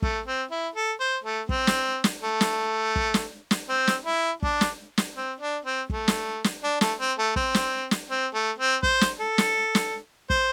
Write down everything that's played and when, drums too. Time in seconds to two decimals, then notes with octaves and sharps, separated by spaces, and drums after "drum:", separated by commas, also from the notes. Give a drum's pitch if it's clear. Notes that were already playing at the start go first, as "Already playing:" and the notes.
0.02 A3, drum: kick
0.26 C4
0.51 E4
0.75 A4
1.00 C5
1.24 A3
1.49 C4, drum: kick
1.67 drum: snare
2.04 drum: snare
2.22 A3
2.41 drum: snare
2.96 drum: kick
3.14 drum: snare
3.51 drum: snare
3.69 C4
3.87 drum: snare
4.06 E4
4.43 D4, drum: kick
4.61 drum: snare
4.98 drum: snare
5.16 C4
5.40 D4
5.65 C4
5.90 A3, drum: kick
6.08 drum: snare
6.44 drum: snare
6.63 D4
6.81 A3, drum: snare
7.00 C4
7.18 A3
7.36 C4, drum: kick
7.54 drum: snare
7.91 drum: snare
8.10 C4
8.34 A3
8.59 C4
8.83 C5, drum: kick
9.01 drum: snare
9.19 A4
9.38 drum: snare
9.75 drum: snare
10.30 C5, drum: kick